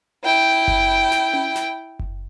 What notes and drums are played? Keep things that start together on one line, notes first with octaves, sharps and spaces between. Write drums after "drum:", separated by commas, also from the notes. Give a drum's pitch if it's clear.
E4 G5
drum: kick F#1
drum: snare
drum: tom C#4
drum: snare
drum: kick F#1